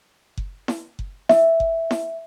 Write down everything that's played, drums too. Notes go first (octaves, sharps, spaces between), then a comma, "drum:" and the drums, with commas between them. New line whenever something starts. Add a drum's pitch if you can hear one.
drum: kick F#1
drum: snare E4
drum: kick F#1
E5, drum: snare E4
drum: kick F#1
drum: snare E4